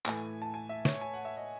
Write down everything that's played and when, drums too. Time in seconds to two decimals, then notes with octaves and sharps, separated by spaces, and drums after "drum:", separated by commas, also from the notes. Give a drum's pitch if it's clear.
0.06 A2 E3 A3 G#5, drum: clap
0.42 A5
0.54 G#5
0.69 E5
0.85 C#5, drum: snare
1.01 G#5
1.14 F#5
1.25 E5
1.37 D#5